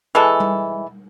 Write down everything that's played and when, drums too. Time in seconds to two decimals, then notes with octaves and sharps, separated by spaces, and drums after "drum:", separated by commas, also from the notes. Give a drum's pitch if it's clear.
0.15 E3 G#3 A4
0.40 drum: tom G3